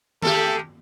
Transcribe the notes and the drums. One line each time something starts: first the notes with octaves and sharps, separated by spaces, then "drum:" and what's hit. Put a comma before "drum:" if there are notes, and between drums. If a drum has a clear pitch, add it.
G#3 A3 G4 A4, drum: tom D#3